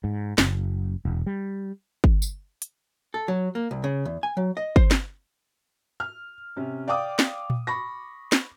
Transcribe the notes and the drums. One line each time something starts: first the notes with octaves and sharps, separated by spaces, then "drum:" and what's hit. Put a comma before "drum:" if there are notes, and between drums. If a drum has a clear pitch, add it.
G#2
F#1, drum: snare
E1
G3
drum: kick
drum: tambourine
drum: hi-hat
A4
F#3
A#3
C2
C#3
E2
G#5
F#3
D#5
C5, drum: kick
drum: snare
F6
C3 C#4
D5 F5 G5 D6 D#6
drum: snare
drum: tom A#2
B5 C#6 A#6
drum: snare